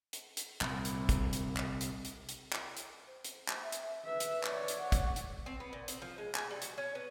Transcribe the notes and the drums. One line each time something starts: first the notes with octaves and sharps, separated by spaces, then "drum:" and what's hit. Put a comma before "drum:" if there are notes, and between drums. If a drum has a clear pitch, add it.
drum: hi-hat
drum: hi-hat
C2 A#2, drum: clap
drum: hi-hat
drum: kick, hi-hat
drum: hi-hat
drum: clap
drum: hi-hat
drum: hi-hat
drum: hi-hat
drum: clap
drum: hi-hat
C5
drum: hi-hat
drum: clap
E5
drum: hi-hat
B4 E5
drum: hi-hat
C#5 D5, drum: clap
drum: hi-hat
F#5
drum: kick, hi-hat
drum: hi-hat
C4
B3
A#2
C4, drum: hi-hat
F3
G#3
G#5, drum: clap
G3
F#4, drum: hi-hat
C#4
B3